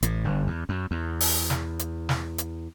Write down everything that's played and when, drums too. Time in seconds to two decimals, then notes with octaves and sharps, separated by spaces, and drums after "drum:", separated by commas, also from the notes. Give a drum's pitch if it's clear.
0.02 A1 A2, drum: hi-hat
0.24 G1 G2
0.47 E2
0.69 F#2
0.91 E2
1.20 drum: open hi-hat
1.50 drum: snare
1.79 drum: hi-hat
2.09 drum: snare
2.38 drum: hi-hat